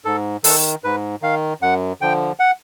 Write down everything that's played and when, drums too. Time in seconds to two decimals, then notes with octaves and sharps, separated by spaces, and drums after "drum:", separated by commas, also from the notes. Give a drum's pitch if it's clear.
0.05 G#2 A4
0.44 D#3 A4, drum: open hi-hat
0.84 G#2 B4
1.22 D#3 F5
1.61 F#2 F#5
2.01 D3 F3 G5
2.40 F#5